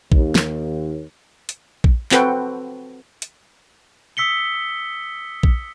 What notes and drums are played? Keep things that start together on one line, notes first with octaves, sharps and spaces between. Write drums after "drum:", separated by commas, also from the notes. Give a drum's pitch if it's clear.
D#2, drum: kick A#1
drum: snare
drum: hi-hat
drum: kick A#1
C4 F#4 A4 B4 F#5 G5, drum: clap
drum: hi-hat
D#6 E6 B6 C#7 G7
drum: kick A#1